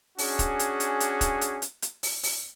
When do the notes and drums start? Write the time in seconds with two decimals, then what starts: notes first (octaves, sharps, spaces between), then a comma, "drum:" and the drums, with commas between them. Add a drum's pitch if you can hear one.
0.18 C#4 D4 F#4 G#4, drum: open hi-hat
0.39 drum: kick, hi-hat
0.59 drum: hi-hat
0.80 drum: hi-hat
1.00 drum: hi-hat
1.21 drum: kick, hi-hat
1.41 drum: hi-hat
1.62 drum: hi-hat
1.82 drum: hi-hat
2.03 drum: open hi-hat
2.23 drum: open hi-hat